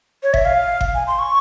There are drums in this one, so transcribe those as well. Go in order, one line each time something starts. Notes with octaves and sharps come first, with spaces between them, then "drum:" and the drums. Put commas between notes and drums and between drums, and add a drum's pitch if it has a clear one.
C#5
E5, drum: kick G1
F5
drum: kick G1
G#5
C6
C#6